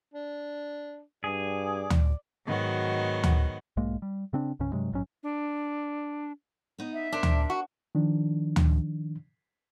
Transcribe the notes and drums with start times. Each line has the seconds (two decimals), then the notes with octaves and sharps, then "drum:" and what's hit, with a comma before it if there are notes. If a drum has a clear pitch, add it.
0.14 D4
1.24 G2 G#4 D5
1.90 drum: tom D2
2.47 G#2 D#3 F#3 B3 F#4
3.23 drum: tom D2
3.77 B1 G#2 G#3 A#3
4.02 G3
4.33 C#3 C4 D4
4.60 C2 G2 C#3 C#4
4.73 G2 C3 F#3 G#3
4.92 A#1 G#2 F#3 C#4
5.23 D4
6.78 B3 D#4
6.94 E5
7.12 D4 A#4 C5 D5
7.23 drum: tom D2
7.50 F#4
7.95 D#3 F3 D4
8.56 drum: tom D2